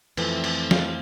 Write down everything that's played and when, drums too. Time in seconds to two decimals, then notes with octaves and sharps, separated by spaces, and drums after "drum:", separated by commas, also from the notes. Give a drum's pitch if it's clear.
0.17 F2 E3 A3 C4, drum: cymbal
0.44 D5, drum: cymbal
0.71 F5, drum: snare